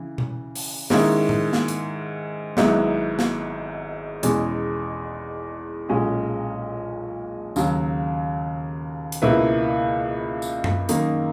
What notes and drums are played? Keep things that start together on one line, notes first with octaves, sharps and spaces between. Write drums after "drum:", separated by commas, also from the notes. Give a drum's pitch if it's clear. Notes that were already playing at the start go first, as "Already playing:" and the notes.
Already playing: C#3 E3
drum: tom B2
drum: open hi-hat
G#2 D#3 G#3 C#4 E4, drum: snare
drum: tom A2
drum: snare
drum: hi-hat
G#1 G#2 F#3 B3 E4, drum: snare
drum: snare
E2 B2 G#3 C#4, drum: hi-hat
B1 A#2 G#3 C#4 F#4
D#2 C#3 F#3, drum: tambourine
drum: hi-hat
C#2 B2 A#3 E4 B4
drum: tambourine
drum: tom F#2
F#2 D#3 A#3 D#4, drum: hi-hat